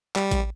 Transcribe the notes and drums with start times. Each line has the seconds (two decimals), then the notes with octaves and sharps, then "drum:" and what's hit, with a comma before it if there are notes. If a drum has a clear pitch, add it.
0.16 G3, drum: clap
0.31 drum: kick A1, hi-hat